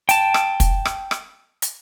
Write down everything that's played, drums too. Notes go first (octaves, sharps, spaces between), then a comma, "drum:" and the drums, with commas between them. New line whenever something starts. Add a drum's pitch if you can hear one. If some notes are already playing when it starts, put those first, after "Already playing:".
G5 A5, drum: hi-hat
drum: rim click
drum: kick, hi-hat
drum: rim click
drum: rim click
drum: hi-hat